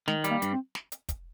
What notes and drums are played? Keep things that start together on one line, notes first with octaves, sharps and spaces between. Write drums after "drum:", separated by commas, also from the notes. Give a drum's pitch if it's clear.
D#3 G#3, drum: snare
G3, drum: hi-hat
A#3
G2, drum: hi-hat
C4
drum: snare
drum: hi-hat
drum: kick, hi-hat